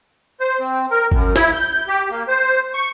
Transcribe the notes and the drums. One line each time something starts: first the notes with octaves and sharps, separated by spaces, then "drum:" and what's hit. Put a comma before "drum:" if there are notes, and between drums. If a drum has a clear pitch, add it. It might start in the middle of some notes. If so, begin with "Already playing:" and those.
C5
C4
A#4
F#2, drum: kick G#1
E4, drum: snare
G6
G4
A#3
C5
C#6